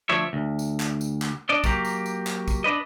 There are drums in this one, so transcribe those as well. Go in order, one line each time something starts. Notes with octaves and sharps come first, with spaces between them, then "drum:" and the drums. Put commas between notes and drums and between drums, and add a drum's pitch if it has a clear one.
D2 F3 D4 C#5 E5
D2
drum: tambourine
drum: clap
drum: tambourine
drum: clap
D4 D5 D#5
F#3 A#3 G4, drum: kick, tambourine
drum: tambourine
drum: tambourine
drum: clap
drum: kick, tambourine
D4 B4 D#5